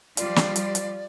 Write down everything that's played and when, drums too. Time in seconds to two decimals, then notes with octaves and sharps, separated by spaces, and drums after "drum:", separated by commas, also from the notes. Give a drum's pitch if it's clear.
0.17 F3 G3 F4 D5, drum: hi-hat
0.36 drum: snare
0.56 drum: hi-hat
0.75 drum: hi-hat